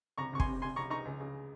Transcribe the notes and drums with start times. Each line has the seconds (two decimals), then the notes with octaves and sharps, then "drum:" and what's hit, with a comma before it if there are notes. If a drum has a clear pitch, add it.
0.18 C2 A#5 C#6
0.33 C2 C#6
0.40 G#5 C6, drum: kick
0.46 C3
0.62 C2 G#5 C6
0.76 C2 A#5 C#6
0.90 D#4 A#5 C#6
1.05 C#2
1.20 C#3